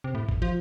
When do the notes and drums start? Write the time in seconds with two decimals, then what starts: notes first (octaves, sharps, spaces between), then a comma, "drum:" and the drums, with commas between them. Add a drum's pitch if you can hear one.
0.04 C3
0.15 A2
0.29 drum: kick
0.42 F3